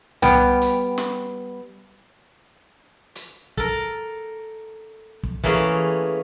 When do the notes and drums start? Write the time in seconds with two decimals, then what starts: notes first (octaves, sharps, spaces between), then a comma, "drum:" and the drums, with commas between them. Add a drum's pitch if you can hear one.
0.22 G3 B3 G5, drum: tom C2
0.61 drum: hi-hat
0.98 drum: snare
3.15 drum: hi-hat
3.57 A4 A#4, drum: kick
5.23 drum: kick
5.44 E3 A3 A#3 C#4 G#4, drum: kick